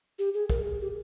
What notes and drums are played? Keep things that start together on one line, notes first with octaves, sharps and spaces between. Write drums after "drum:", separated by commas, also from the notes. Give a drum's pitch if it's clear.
G4
G#4
A#4, drum: kick
G#4
G4